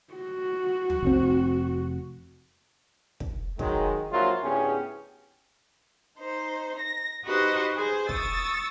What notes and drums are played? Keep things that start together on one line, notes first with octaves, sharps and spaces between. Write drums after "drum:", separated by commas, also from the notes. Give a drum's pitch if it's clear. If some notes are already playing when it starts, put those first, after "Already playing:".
F#4
drum: tom
F1 A#2 C4
drum: kick
D#3 F#3 G#3, drum: kick
A#1 F#3 E4 F4 A#4 C5
D2 A2 B3 C#4 G4 G#4
D#4 C5
A#6
D#4 F#4 G4 B4 C5 D#5
G#4 C5
C#6 D#6 E6 A6, drum: kick